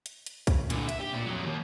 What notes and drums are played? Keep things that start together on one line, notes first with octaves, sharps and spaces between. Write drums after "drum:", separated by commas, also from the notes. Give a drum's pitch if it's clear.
drum: hi-hat
drum: hi-hat
drum: kick C2, hi-hat
A#2 D3, drum: hi-hat
E5, drum: hi-hat
G4
A#2
F2 F#3
D#2